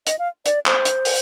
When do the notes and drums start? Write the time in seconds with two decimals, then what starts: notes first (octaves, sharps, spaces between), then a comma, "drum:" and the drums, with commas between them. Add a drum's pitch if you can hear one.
0.07 D#5, drum: hi-hat
0.19 F5
0.46 D5, drum: hi-hat
0.66 C5, drum: clap
0.85 drum: hi-hat
1.05 drum: open hi-hat